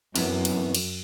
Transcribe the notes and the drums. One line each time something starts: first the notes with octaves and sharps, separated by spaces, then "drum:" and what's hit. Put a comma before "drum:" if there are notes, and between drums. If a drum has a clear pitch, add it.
F#2 C3 E3 B3, drum: cymbal
drum: cymbal
drum: cymbal